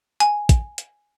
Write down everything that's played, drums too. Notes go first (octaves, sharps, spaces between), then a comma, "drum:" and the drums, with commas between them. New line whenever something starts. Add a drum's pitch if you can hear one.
G#5, drum: hi-hat
drum: kick, hi-hat
drum: hi-hat